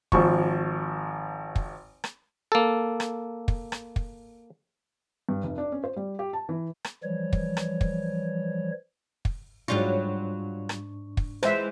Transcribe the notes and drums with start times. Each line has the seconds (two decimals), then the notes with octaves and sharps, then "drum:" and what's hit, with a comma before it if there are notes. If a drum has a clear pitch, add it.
0.12 G#1 F3 C#6, drum: kick
1.56 drum: kick
2.04 drum: rim click
2.52 A#3 A4
3.00 drum: rim click
3.48 drum: kick
3.72 drum: rim click
3.96 drum: kick
5.29 G2
5.43 F1
5.58 D4
5.72 C#4
5.84 C5
5.96 G3
6.19 G4
6.33 A5
6.49 E3
6.84 drum: rim click
7.03 E3 F3 G3 C#5
7.33 drum: kick
7.57 drum: rim click
7.81 drum: kick
9.25 drum: kick
9.68 G#2 F#3 G3 D4 F4 C#6
10.69 drum: rim click
11.17 drum: kick
11.43 E3 G#3 C5 E5, drum: rim click